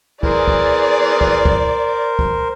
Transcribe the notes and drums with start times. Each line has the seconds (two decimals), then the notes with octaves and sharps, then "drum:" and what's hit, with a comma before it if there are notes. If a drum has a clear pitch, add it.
0.23 E3 G#4 A#4 C5 D5, drum: kick
0.48 drum: kick
1.21 drum: kick
1.45 drum: kick
2.19 drum: kick